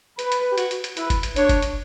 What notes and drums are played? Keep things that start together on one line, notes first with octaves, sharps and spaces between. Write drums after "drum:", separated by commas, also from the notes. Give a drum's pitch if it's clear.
B4, drum: hi-hat
drum: hi-hat
G4
F#4, drum: hi-hat
drum: hi-hat
drum: hi-hat
E4 B4, drum: hi-hat
drum: kick F#1, hi-hat
drum: hi-hat
D4 C#5, drum: hi-hat
drum: kick F#1, hi-hat
drum: hi-hat